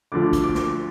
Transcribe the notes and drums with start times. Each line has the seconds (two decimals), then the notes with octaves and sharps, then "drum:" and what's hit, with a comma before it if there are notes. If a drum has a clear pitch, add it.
0.12 D2 D3 F3 D6
0.33 drum: kick, hi-hat
0.44 D6
0.55 drum: snare